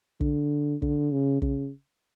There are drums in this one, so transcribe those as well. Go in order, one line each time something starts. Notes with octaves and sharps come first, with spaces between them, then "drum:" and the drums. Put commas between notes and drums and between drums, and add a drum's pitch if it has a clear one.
D3, drum: kick
D3, drum: kick
C#3
C#3, drum: kick